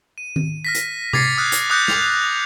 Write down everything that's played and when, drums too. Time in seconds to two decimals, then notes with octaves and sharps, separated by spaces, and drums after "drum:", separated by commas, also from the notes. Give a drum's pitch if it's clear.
0.18 D#7
0.36 drum: tom D#3
0.65 F6 A#6 B6
0.75 drum: hi-hat
1.13 D6 G#6 A6 C7 C#7, drum: tom C3
1.37 D#6 F6 F#6
1.52 drum: hi-hat
1.70 D6 D#6 F#6 G6 A#6 C#7
1.88 F7, drum: snare